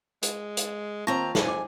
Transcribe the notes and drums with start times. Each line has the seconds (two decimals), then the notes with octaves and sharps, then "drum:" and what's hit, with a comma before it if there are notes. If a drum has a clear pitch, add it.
0.23 G#3, drum: hi-hat
0.57 drum: hi-hat
1.07 D#2 C4 F4 A5 A#5 C#6 A#6
1.35 F2 A#4 G#5, drum: snare
1.48 A3 D6